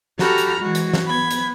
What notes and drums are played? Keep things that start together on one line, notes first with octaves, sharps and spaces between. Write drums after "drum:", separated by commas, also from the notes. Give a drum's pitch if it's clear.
F#4 G4 A4 A#5 B5 F6, drum: snare
drum: hi-hat
E3 G#3 F#4
drum: hi-hat
drum: snare
B3 B5 G#6
drum: hi-hat